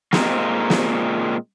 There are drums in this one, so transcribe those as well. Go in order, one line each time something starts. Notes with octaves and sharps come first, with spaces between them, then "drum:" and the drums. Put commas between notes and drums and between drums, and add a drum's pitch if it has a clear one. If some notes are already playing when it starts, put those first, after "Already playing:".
A#2 G#3 A#3 C4 D#4, drum: snare
drum: snare